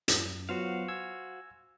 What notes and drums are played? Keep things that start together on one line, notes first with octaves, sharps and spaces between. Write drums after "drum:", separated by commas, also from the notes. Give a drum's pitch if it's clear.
drum: hi-hat
F#2
F#3 B3 F4 F#4 C5 F5
G#5 E6 G#6